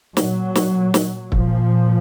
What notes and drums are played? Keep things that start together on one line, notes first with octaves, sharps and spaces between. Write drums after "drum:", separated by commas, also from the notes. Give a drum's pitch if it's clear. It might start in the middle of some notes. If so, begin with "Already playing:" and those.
A#2 F#3, drum: snare
drum: snare
drum: snare
A#2 F3, drum: kick